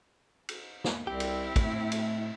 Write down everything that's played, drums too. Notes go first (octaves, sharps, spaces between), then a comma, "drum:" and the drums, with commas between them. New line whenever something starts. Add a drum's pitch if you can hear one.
drum: cymbal
drum: snare
C2 C4 E4 G4
drum: cymbal
A2 A3, drum: kick, cymbal
drum: cymbal